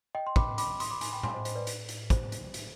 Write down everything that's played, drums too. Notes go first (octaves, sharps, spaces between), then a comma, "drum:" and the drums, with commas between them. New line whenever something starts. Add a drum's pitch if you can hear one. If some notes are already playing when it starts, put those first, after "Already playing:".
D#5 G5
C6
B5 D6, drum: kick
B5 D6, drum: hi-hat
C6 D#6, drum: hi-hat
B5 D6
G#5 C6, drum: hi-hat
G5 B5
G#5 C6, drum: tom A2
C5 D#5
C5 D#5, drum: hi-hat
B4 D5
drum: hi-hat
drum: hi-hat
C5, drum: kick, hi-hat
drum: hi-hat
drum: hi-hat